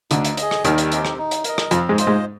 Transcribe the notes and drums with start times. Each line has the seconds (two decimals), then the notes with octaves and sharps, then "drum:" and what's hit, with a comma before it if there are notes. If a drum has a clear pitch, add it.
0.11 D2 D3 D#4, drum: hi-hat
0.25 drum: hi-hat
0.37 G#4 D#5, drum: hi-hat
0.51 drum: rim click
0.65 D#2 D#3 G3, drum: hi-hat
0.78 drum: hi-hat
0.92 C4 D#4 G4, drum: hi-hat
1.05 drum: rim click
1.18 D#4
1.31 drum: hi-hat
1.44 A#4 D#5, drum: hi-hat
1.58 drum: rim click
1.71 F2 F3 C4, drum: hi-hat
1.89 G#2 G#3
1.98 F4 C5 D#5, drum: hi-hat
2.07 G#2 G#3